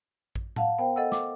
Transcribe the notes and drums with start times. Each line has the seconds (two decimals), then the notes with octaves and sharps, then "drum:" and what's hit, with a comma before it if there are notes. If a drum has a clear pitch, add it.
0.36 drum: kick A1
0.56 F5 F#5 A5, drum: tom A2
0.79 B3 A#4 C5 G5
0.96 A4 D#5 F#5 E6
1.12 D6, drum: snare